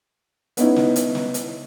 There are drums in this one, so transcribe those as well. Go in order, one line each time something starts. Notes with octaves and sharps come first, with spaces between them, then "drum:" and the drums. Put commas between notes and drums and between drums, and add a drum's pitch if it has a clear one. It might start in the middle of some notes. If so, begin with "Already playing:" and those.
B3 C#4 D#4 E4, drum: hi-hat
drum: snare
drum: hi-hat
drum: snare
drum: hi-hat